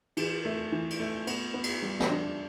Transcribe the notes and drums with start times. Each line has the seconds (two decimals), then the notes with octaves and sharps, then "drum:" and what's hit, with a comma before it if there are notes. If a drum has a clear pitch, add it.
0.17 E3, drum: cymbal
0.45 A3
0.72 E3
0.90 drum: cymbal
1.00 A3
1.27 B3, drum: cymbal
1.54 B3
1.64 drum: cymbal
1.82 G3
2.00 drum: snare
2.10 D4